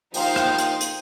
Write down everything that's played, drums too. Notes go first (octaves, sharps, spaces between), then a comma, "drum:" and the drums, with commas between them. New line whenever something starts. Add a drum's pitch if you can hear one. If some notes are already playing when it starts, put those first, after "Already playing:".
D#2 F3 D#4 C5 F5 G5, drum: open hi-hat
drum: rim click
drum: hi-hat
drum: hi-hat